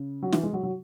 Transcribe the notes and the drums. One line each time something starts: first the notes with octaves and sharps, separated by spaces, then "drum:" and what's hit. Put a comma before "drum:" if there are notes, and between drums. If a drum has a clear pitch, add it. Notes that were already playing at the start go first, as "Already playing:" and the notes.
Already playing: C#3
F#3
E3, drum: snare
G#3
F#3
F#3